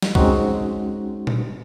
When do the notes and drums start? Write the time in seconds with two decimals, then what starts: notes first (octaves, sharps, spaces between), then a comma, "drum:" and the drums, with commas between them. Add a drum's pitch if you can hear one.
0.02 drum: snare
0.15 G#3 C4 C#4 D#4 F#4, drum: kick C2
1.27 drum: tom A#2